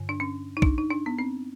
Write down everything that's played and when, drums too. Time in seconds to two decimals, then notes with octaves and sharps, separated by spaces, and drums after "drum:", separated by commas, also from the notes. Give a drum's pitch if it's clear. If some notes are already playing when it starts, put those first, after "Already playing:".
Already playing: G2 D3
0.09 D4
0.20 C#4
0.57 D#4
0.62 D4, drum: kick
0.78 D#4
0.90 D4
1.06 B3
1.19 C4